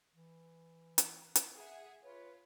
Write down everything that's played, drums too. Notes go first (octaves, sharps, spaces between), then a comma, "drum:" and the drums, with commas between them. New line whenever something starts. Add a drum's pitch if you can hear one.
E3
drum: hi-hat
drum: hi-hat
G#4 E5 F#5
F4 B4 C#5